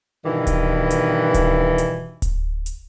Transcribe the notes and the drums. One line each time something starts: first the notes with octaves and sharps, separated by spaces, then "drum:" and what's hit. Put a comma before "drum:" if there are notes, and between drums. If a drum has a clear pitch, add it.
G2 B2 D#3 E3
drum: kick D1, hi-hat
drum: hi-hat
drum: kick D1, hi-hat
drum: hi-hat
drum: kick D1, hi-hat
drum: hi-hat